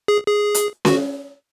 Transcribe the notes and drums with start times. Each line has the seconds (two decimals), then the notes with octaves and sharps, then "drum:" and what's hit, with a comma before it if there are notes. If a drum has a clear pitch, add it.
0.08 G#4
0.27 G#4
0.54 drum: hi-hat
0.85 F#4, drum: snare C#4